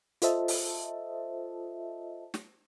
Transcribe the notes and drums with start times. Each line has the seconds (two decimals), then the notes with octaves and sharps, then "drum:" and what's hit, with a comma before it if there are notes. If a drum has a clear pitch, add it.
0.22 F4 A4 C5 D#5 E5 A5, drum: hi-hat
0.48 drum: open hi-hat
2.34 drum: snare